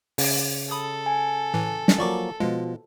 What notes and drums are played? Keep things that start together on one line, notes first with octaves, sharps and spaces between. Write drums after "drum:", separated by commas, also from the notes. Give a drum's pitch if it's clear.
C#3, drum: open hi-hat
A4 B5 D#6
G#5
A2 E3
drum: snare
F3 F#3 A#3 D5 C#6 D6
B2 F3 G#3